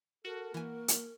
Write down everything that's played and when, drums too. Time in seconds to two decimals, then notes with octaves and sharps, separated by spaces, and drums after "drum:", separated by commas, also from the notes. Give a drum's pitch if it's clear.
0.25 F#4 A4 A#4
0.54 E3 A#3 G#5
0.88 drum: hi-hat